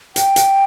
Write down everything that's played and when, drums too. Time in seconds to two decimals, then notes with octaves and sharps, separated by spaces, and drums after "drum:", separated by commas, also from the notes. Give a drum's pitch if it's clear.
0.16 G5, drum: hi-hat
0.36 drum: hi-hat